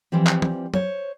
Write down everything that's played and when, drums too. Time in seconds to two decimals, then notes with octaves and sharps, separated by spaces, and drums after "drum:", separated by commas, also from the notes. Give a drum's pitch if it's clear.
0.12 E3 F3 G3 C4
0.27 drum: clap
0.42 drum: tom E3
0.74 C5 C#5, drum: tom F#3